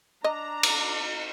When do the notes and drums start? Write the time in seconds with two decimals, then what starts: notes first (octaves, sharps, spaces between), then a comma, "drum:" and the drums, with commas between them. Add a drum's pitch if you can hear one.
0.24 D4 D#5 A#5
0.63 drum: cymbal